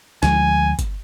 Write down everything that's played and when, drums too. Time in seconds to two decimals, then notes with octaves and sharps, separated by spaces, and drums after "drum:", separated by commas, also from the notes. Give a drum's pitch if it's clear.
0.23 D2 F3 G#3 G#5, drum: snare
0.79 drum: kick G1, hi-hat